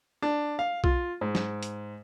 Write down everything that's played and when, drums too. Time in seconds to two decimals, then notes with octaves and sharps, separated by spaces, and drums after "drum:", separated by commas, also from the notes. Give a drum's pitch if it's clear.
0.22 D4
0.59 F5
0.84 F4, drum: kick B1
1.21 G#2
1.35 drum: snare
1.63 drum: hi-hat